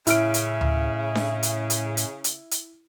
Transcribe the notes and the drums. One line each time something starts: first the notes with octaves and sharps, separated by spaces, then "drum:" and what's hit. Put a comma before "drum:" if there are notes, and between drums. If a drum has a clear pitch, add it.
A2 C#3 E4 E5 F6 D7, drum: hi-hat
drum: hi-hat
drum: tom D2
drum: snare D4
drum: hi-hat
drum: hi-hat
drum: hi-hat
drum: hi-hat
drum: hi-hat